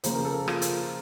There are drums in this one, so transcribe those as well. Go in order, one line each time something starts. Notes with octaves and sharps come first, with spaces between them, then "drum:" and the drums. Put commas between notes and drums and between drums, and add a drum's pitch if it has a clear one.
C#3 F3 A#3 C#4 C5, drum: hi-hat
A#4
A4
F4, drum: rim click
drum: hi-hat